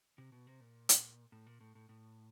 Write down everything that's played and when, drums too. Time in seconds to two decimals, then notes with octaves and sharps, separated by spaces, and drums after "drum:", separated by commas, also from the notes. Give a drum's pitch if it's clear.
0.18 C3
0.32 B2
0.47 C3
0.60 A#2
0.89 drum: hi-hat
1.32 A2
1.46 A#2
1.61 A2
1.75 A2
1.89 A2